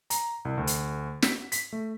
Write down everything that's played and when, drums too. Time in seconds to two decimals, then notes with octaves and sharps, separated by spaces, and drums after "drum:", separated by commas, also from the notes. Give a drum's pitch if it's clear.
0.10 A#5, drum: hi-hat
0.45 C2
0.58 D2
0.67 drum: hi-hat
1.22 B6, drum: snare
1.52 B6, drum: hi-hat
1.73 A3